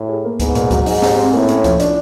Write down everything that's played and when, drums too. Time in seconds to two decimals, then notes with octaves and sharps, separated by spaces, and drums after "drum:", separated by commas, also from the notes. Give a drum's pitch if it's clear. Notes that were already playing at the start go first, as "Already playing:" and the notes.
Already playing: A2
0.09 G#4
0.24 A#3
0.40 G#2 B3, drum: kick C#2, hi-hat
0.55 A#2, drum: hi-hat
0.71 F#3, drum: kick C#2, hi-hat
0.86 G#2 D#4, drum: open hi-hat
1.02 G4, drum: snare
1.18 C4
1.33 A2 A#3
1.49 C#4, drum: hi-hat
1.64 F3, drum: kick C#2, hi-hat
1.80 D4, drum: hi-hat